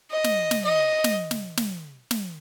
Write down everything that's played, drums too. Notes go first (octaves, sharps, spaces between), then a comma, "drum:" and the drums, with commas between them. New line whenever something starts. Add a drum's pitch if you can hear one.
D#5
drum: snare
drum: snare
D#5
drum: snare
drum: snare
drum: snare
drum: snare